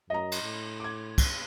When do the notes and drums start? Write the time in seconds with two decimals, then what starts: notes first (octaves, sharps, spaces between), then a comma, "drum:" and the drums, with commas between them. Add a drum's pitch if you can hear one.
0.10 F#2 D#5 A#5
0.32 drum: cymbal
0.43 A2
0.80 D6 G#6
1.18 drum: kick, cymbal